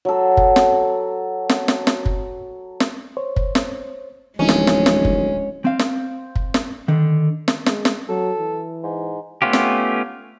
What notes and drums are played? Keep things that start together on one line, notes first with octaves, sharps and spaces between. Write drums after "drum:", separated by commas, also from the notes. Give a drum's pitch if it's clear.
F#3 A4
drum: kick
drum: snare
drum: snare
drum: snare
drum: snare
drum: kick
drum: snare
C5 C#5
drum: kick
drum: snare
D1 E3 F3 G#3 C#4 D#4
drum: snare
drum: snare
drum: snare
drum: kick
C4 F5
drum: snare
drum: kick
drum: snare
D3 D#3
drum: snare
G#3, drum: snare
drum: snare
F#3 A4
E3
G#2
A3 B3 C#4 F4 G4
drum: snare